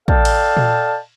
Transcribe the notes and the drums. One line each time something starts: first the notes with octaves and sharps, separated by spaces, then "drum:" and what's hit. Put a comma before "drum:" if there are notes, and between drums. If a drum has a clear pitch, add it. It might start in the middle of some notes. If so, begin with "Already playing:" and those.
A4 D5 D#5 F5 G5 A5, drum: kick
drum: cymbal
drum: tom A#2